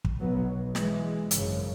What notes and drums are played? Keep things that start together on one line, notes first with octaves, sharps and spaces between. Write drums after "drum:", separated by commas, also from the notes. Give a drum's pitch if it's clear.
drum: kick
B1 B2 F#3 B3
E3 G#3, drum: snare
G#1 F#2 C#3, drum: hi-hat